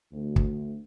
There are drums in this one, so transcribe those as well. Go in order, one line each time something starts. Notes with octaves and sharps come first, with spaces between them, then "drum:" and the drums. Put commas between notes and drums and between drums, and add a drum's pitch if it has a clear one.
D2
drum: kick